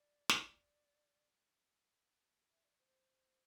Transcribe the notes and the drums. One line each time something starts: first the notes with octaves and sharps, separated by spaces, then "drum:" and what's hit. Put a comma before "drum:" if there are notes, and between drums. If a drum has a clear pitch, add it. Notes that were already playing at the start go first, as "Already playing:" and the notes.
Already playing: D5
D5, drum: snare
E5
D5
C5